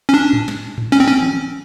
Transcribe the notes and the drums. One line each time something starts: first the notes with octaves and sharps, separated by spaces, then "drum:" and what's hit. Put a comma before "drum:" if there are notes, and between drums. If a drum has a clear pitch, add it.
C#4
D4
drum: tom G#2
drum: snare
drum: tom G#2
C#4, drum: snare
C4
C#4
drum: tom D#3